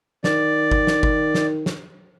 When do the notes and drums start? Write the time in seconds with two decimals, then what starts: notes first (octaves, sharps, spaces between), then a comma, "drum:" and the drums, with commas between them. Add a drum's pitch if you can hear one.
0.24 D#3 D5, drum: snare
0.72 drum: kick G1
0.87 drum: snare
1.03 drum: kick G1
1.35 drum: snare
1.66 drum: snare